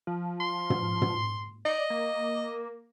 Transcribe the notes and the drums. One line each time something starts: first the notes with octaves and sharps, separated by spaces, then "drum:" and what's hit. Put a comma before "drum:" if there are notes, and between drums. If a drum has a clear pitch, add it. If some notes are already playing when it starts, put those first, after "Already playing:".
F3
C6
drum: tom
drum: tom
D5 D#5
A#3